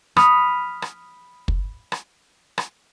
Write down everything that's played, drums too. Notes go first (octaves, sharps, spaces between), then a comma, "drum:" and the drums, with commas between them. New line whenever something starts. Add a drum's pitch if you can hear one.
B5 D#6 F6 C#7, drum: rim click
drum: rim click
drum: kick
drum: rim click
drum: rim click